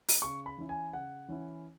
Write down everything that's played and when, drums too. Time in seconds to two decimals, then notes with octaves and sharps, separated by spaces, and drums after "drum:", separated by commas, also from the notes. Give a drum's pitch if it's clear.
0.08 drum: open hi-hat
0.22 C#3 C#6
0.46 B5
0.58 E3 C#4 E4
0.69 G#5
0.93 C#3 F#5
1.28 E3 C#4 E4